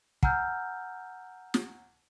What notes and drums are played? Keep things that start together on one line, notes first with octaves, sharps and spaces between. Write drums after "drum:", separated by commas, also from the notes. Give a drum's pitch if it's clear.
F#5 G#5 A#5 E6 F6 G6, drum: kick
drum: snare